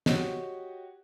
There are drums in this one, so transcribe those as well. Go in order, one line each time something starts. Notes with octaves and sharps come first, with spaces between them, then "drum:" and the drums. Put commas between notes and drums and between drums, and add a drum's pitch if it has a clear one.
F#4 G4 C#5 D#5, drum: snare